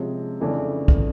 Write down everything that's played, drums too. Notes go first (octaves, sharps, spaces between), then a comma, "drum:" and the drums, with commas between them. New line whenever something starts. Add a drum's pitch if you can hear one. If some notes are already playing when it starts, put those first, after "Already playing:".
Already playing: C3 F3 G#3 C#4
F2 C#3 E3 A3 D4
drum: kick